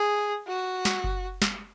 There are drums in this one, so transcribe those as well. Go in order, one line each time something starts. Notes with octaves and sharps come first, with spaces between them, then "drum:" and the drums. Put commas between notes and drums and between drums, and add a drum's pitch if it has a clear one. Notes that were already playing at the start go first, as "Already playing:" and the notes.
Already playing: G#4
F#4
drum: snare
drum: kick F#1
drum: snare